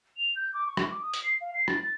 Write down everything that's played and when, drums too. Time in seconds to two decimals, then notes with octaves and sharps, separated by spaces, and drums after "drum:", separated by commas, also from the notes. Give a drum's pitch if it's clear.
0.17 F7
0.36 G6
0.54 D6
0.67 C#6
0.77 drum: rim click
0.90 D6
1.02 D#6
1.14 drum: hi-hat
1.23 C7
1.41 F5
1.54 C7
1.68 A6, drum: rim click
1.83 A6